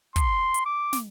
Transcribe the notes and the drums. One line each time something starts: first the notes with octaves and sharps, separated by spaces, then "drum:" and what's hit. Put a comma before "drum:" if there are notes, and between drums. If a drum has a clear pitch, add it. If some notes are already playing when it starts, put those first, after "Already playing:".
C6, drum: kick, hi-hat
drum: hi-hat
D6
drum: snare